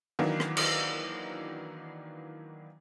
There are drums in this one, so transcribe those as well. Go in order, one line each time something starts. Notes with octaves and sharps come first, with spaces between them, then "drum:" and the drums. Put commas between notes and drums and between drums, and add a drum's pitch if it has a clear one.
D#3 E3 F#3 A#3 D4
drum: rim click
drum: cymbal